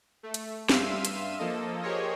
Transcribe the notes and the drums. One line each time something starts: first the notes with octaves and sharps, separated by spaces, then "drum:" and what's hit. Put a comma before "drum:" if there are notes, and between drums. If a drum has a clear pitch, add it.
A3
drum: hi-hat
G2 E5 F5 C6 E6 D#7, drum: snare
drum: hi-hat
F3 A#3 A4 D#5
G4 G#4 A#4 C5 C#5 D#5